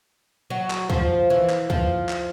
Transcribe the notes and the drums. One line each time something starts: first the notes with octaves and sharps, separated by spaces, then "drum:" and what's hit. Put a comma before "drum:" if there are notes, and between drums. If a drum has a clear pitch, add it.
F#3
drum: clap
F3, drum: kick C#2
E3
drum: clap
F3, drum: kick C#2
drum: clap